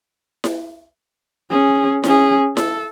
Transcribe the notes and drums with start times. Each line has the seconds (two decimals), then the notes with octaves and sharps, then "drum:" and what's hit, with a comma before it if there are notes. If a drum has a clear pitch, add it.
0.44 drum: snare E4
1.51 C#4 G#4
2.04 C#4 G#4, drum: snare E4
2.57 A4, drum: snare E4